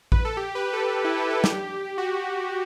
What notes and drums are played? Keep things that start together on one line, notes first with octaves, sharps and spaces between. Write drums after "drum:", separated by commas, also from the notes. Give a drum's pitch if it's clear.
B4, drum: kick A1
A4
G4
B4
A4
E4
G4
A4
G4, drum: snare
F#4